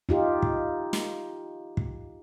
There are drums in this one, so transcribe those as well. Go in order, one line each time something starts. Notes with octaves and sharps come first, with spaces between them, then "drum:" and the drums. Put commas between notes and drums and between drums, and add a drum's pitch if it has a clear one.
D#4 F4 G4
drum: kick
drum: snare
drum: kick